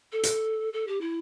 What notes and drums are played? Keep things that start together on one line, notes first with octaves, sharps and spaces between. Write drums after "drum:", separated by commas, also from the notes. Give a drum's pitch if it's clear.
A4
drum: hi-hat
A4
G4
E4